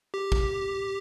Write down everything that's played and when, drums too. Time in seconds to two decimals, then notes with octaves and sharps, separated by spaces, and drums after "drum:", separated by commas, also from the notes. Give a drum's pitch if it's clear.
0.14 G4
0.32 drum: kick